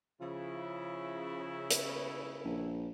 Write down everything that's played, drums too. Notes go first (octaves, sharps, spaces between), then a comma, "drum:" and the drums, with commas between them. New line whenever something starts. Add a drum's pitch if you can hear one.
C#3 F3 E4
drum: hi-hat
A#1